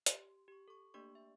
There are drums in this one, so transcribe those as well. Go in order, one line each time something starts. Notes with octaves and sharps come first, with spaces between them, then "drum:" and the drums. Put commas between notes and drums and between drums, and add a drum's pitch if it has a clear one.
G4 C6, drum: hi-hat
G4 C#6
A4 C#6
A3 A#3 D4 G4 D5 C#6
E5